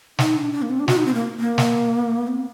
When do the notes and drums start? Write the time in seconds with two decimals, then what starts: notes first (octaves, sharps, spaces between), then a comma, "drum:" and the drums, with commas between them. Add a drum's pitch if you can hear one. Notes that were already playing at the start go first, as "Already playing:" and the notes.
0.19 D#4, drum: snare
0.36 D4
0.53 D4
0.62 A#3
0.70 C4
0.80 D4
0.88 F#4, drum: snare
0.97 D#4
1.06 C4
1.14 A#3
1.40 A#3
1.58 drum: snare
2.28 C4